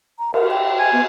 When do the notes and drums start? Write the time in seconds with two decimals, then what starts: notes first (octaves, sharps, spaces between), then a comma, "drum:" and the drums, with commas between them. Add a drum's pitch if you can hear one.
0.19 A#5
0.34 A#4, drum: cymbal
0.51 G5
0.79 G#5
0.93 B3